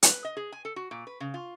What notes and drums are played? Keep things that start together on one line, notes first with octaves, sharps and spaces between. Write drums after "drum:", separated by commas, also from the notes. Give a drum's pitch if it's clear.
B4, drum: hi-hat
D#5
G#4
G#5
A4
F#4
A#2
B4
C#3
F4